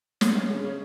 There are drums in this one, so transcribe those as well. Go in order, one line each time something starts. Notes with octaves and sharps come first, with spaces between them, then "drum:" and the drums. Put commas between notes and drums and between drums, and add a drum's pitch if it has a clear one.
C#4, drum: snare
C#4
C#3
C#4